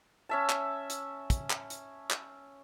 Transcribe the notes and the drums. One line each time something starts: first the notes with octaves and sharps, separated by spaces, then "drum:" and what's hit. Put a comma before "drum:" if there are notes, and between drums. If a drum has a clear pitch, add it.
C#4 E5 A5
drum: clap
drum: hi-hat
drum: kick, hi-hat
drum: clap
drum: hi-hat
drum: clap